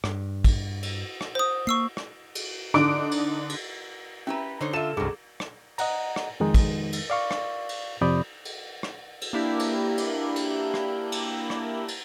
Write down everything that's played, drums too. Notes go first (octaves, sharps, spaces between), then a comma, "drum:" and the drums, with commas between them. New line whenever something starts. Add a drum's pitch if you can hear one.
G2, drum: rim click
drum: kick, cymbal
drum: cymbal
drum: rim click
C5 D#6
A#3 C#6 E6 C7
drum: rim click
drum: cymbal
D3 D#4 D6 D7, drum: rim click
drum: cymbal
drum: cymbal
C#4 E4 G4 B4 A#5
D3 D#4 C5 C#5
F4 A4 E5 E7
C2 G2 B2 F#3 G#4
drum: rim click
D#5 F#5 A#5, drum: cymbal
drum: rim click
F2 D#3 G#3 D#4
drum: kick, cymbal
drum: cymbal
D5 F5 C#6
drum: rim click
drum: cymbal
F2 C3 D5 B5 D#6 G6
drum: cymbal
drum: rim click
drum: cymbal
A#3 D4 E4 G4
drum: cymbal
drum: cymbal
drum: cymbal
drum: rim click
drum: cymbal
drum: rim click
drum: cymbal